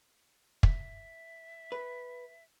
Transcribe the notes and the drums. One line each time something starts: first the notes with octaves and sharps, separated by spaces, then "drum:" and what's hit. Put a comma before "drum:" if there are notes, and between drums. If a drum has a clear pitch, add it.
E5, drum: kick
B4